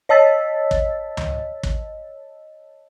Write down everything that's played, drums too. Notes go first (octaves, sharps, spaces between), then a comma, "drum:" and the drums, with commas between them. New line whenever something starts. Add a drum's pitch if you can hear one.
C#5 D#5 A5 E6 A6 B6
drum: kick
drum: tom C#2
drum: kick